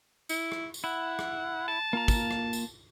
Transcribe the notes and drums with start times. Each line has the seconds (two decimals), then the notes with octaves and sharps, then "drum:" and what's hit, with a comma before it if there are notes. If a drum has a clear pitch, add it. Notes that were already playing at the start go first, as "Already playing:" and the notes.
0.29 E4, drum: tambourine
0.52 drum: rim click
0.74 drum: tambourine
0.84 E4 F#5
1.19 drum: rim click
1.68 A5
1.93 A#3 F4 A#5
2.08 drum: kick, tambourine
2.31 drum: rim click
2.53 drum: tambourine